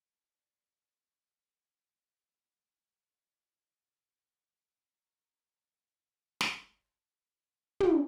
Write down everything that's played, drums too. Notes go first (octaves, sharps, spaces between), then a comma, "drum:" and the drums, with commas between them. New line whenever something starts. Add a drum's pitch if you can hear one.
B4 A5 C6
D5 G6 A#6 C7
G2 F#3 G#3 B3 E4
G3 A3 C#4 D4 C#5
E4 F4 D5
B2 C4
A#4 C#6
drum: snare
A5
drum: tom